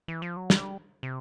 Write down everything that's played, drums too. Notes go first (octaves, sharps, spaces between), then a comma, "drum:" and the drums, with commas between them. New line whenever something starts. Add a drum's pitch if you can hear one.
E3
F3
F#3
G3, drum: snare
C3